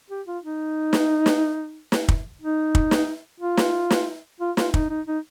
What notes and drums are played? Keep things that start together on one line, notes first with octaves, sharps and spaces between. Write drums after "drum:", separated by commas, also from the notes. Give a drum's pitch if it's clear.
G4
F4
D#4
drum: snare
drum: snare
drum: snare
drum: kick
D#4
drum: kick
drum: snare
F4
drum: snare
drum: snare
F4
F4, drum: snare
D#4, drum: kick
D#4
D#4